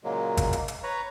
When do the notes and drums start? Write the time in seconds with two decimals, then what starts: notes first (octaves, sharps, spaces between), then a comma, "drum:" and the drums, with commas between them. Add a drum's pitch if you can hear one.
0.04 A#2 C#3 F#3 G#3 A#3
0.37 drum: kick G#1, hi-hat
0.53 drum: hi-hat
0.68 drum: hi-hat
0.83 B4 C#5 A#5